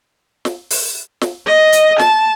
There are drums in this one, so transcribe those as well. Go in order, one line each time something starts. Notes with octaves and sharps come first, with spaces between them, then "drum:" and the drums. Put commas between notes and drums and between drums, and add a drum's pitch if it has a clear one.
drum: snare
drum: open hi-hat
drum: snare
D#5
drum: hi-hat
A5, drum: snare